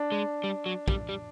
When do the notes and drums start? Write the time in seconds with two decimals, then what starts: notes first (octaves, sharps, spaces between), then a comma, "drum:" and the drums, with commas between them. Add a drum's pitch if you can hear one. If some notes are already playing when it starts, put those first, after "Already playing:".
Already playing: D4
0.12 G#3
0.44 G3
0.66 F#3
0.88 G3, drum: kick
1.09 G3